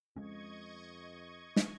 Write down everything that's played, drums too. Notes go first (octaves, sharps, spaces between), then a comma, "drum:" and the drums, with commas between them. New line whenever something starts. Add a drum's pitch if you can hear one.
F2 G#3 C#4 D#5 C#6 G#6
drum: snare